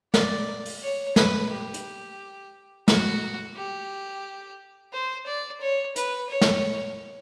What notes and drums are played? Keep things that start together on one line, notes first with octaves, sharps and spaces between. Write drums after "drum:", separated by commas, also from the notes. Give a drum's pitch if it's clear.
D5, drum: snare
drum: open hi-hat
C#5
B4, drum: snare
G4
drum: hi-hat
F#4, drum: snare
G4
C5
D5
C#5
B4, drum: hi-hat
C#5
drum: snare